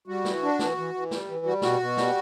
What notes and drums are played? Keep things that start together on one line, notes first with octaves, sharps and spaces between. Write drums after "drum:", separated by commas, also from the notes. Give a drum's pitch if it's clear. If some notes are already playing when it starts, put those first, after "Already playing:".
G3 F#4
E3, drum: snare
D4
E3, drum: snare
E3
E3
G3, drum: snare
E3
G3 F#4
B2 F#4, drum: snare
B2
G3, drum: snare